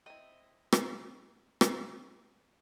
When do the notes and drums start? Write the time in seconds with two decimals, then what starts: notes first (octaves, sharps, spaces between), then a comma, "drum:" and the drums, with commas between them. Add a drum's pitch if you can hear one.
0.06 C4 E4 D#5
0.72 drum: rim click
1.61 drum: rim click